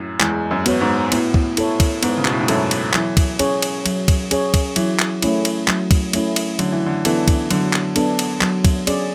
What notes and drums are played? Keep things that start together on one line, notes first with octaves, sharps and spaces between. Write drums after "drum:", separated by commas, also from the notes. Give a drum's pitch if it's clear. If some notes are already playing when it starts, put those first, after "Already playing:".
Already playing: F#2 A2
E2 G#3, drum: clap
F#2
B3 F#4 C#5, drum: cymbal
G#2
A2 B3, drum: cymbal
drum: kick
E4 A4 C#5, drum: cymbal
drum: kick, cymbal
G#2 B3, drum: cymbal
C#3
B2, drum: clap
A2
G#2
F#2 E4 A4 C#5, drum: cymbal
drum: cymbal
E3 F#3, drum: clap
drum: kick, cymbal
C#4 G#4 C#5, drum: cymbal
drum: cymbal
F#3, drum: cymbal
drum: kick, cymbal
C#4 G#4 C#5, drum: cymbal
drum: kick, cymbal
E3 F#3, drum: cymbal
drum: clap
A3 C#4 E4, drum: cymbal
drum: cymbal
F#3, drum: clap
drum: kick, cymbal
A3 C#4 E4, drum: cymbal
drum: cymbal
D3 F#3, drum: cymbal
E3
D3
E3 B3 D4 A4, drum: cymbal
drum: kick, cymbal
D3 F#3, drum: cymbal
drum: clap
B3 D4 A4, drum: cymbal
drum: cymbal
F#3, drum: clap
drum: kick, cymbal
C#4 G#4 D5, drum: cymbal